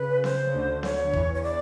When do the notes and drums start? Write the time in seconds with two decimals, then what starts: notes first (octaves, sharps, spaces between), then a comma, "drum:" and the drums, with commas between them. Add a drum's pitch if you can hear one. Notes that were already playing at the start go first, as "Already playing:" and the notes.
Already playing: C#3 B4
0.24 C5, drum: snare B3
0.47 C#3
0.54 D2 D3
0.83 C#5, drum: snare B3
1.13 E2 E3, drum: kick
1.34 C#5
1.43 D5